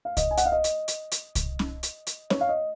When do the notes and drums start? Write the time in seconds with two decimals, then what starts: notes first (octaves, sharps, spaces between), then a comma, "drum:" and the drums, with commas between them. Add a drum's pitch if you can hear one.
0.05 F5
0.17 D#5, drum: kick C2, hi-hat
0.31 G#5
0.38 F#5, drum: hi-hat
0.46 F5
0.52 D#5
0.64 drum: hi-hat
0.88 drum: hi-hat
1.12 drum: hi-hat
1.35 drum: kick C2, hi-hat
1.59 drum: snare C#4
1.83 drum: hi-hat
2.07 drum: hi-hat
2.30 C#5, drum: snare C#4
2.41 F5
2.49 D#5